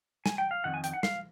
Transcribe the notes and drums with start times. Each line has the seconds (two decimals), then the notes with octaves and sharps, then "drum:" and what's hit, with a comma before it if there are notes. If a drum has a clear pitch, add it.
0.26 G#5, drum: snare
0.38 G5
0.51 F5
0.64 F2 C3 D#3 F#5
0.74 G#5
0.84 G5, drum: hi-hat
0.94 F#5
1.03 F5, drum: snare